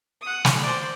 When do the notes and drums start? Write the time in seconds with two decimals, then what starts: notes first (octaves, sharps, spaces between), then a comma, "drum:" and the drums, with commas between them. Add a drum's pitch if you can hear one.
0.21 F#5 D#6
0.45 drum: snare
0.62 C5 D5